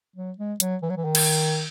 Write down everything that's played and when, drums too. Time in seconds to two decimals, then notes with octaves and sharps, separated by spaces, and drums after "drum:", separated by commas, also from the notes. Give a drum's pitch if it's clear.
0.16 F#3
0.38 G#3
0.60 F#3, drum: hi-hat
0.82 E3
0.90 F#3
0.97 E3
1.05 D#3
1.15 drum: cymbal